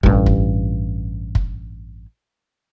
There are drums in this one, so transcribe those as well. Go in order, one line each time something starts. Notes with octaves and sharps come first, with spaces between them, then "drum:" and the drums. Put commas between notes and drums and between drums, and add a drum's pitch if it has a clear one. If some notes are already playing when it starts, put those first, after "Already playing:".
A1 G2, drum: kick
drum: kick
drum: kick